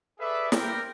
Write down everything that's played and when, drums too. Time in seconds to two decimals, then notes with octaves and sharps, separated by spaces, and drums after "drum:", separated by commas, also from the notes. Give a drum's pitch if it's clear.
0.19 G#4 A4 B4 D5 E5
0.52 G3 C4 G4 A#4 B4 G5, drum: snare